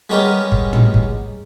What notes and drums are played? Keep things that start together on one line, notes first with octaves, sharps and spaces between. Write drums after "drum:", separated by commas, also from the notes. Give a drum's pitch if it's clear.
G3 G#3 B3 C#4 G4 A#4
drum: kick
drum: tom
drum: kick